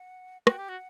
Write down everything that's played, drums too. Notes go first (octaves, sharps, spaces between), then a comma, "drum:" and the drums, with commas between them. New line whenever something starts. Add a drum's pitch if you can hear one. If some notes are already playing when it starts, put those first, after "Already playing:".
Already playing: F#5
F#4 G5, drum: rim click
G4
F#4 F#5